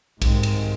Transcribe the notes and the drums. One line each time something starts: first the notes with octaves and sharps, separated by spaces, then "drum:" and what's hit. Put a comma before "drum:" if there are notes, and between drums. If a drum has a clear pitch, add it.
G#2 C3 D#3 G#3 C4, drum: kick B1, cymbal
drum: cymbal